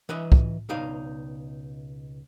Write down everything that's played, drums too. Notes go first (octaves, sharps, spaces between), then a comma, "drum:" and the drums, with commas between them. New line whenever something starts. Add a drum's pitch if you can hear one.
E3 B4 D#5 E5
drum: kick
C#2 B2 D#4 D5 F5